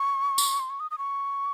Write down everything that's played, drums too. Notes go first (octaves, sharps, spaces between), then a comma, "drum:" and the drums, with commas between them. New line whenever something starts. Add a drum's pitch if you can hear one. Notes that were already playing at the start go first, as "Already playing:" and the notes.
Already playing: C#6
drum: tambourine
C6
C#6
D#6
D#6
C#6